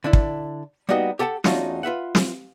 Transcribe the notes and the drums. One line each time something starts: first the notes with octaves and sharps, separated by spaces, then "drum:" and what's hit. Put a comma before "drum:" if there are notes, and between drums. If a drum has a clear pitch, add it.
D3 D4 E4
drum: kick
G3 A#3 B3 D#4 F#4 D#5
G4 A4 F#5 G5 A5
E2 A3 C#4 D#4 F4 F#4, drum: snare
F4 B4 E5 F#5
drum: snare